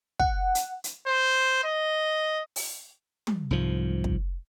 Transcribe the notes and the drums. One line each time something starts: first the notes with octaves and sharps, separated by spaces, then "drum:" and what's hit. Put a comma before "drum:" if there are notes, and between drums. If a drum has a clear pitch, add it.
F#5, drum: kick
drum: hi-hat
drum: hi-hat
C5
D#5
drum: open hi-hat
drum: tom
C2 G#2 F3
drum: kick